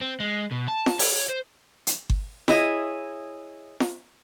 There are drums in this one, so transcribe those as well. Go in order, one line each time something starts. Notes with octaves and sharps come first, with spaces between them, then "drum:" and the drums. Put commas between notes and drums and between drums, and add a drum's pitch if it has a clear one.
C4
G#3
B2
A5
drum: snare F4
C#5, drum: open hi-hat
C5
drum: hi-hat
drum: kick G1
E4 G#4 C#5 D#5, drum: snare F4
drum: snare F4